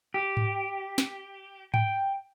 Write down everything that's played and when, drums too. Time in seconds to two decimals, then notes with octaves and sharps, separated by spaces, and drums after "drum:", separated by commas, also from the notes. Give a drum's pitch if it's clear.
0.14 G4
0.37 drum: tom G#2
0.98 drum: snare
1.74 G5, drum: tom G#2